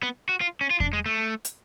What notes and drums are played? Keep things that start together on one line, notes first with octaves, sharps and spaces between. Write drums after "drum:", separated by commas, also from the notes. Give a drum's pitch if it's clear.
B3
F#4
F4
C#4
F4
D4, drum: kick E2
G#3
A3
drum: hi-hat